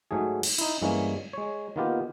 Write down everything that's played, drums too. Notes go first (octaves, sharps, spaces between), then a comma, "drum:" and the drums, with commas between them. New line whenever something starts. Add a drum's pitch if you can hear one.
G#2 F#3 A3 G#4
drum: cymbal
D#4 E4, drum: hi-hat
G2 E3 G3 G#3 A#3 C#4
G#3 C#5
D#3 A#3 B3 F4 G4